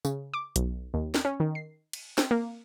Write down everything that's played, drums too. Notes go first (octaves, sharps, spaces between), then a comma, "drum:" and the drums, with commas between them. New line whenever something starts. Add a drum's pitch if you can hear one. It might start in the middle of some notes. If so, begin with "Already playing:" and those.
C#3, drum: tambourine
D6
B1, drum: hi-hat
D#2
drum: snare
C#4
D#3
C7
drum: cymbal
C4, drum: snare
A#3